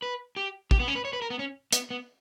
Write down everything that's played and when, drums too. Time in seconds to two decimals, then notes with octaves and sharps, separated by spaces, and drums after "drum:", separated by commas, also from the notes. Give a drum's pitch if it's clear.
0.02 B4
0.36 G4
0.71 G4, drum: kick
0.80 B3
0.88 C#4
0.95 B4
1.05 C#5
1.13 B4
1.22 A#4
1.30 B3
1.39 C#4
1.72 B3, drum: hi-hat
1.90 B3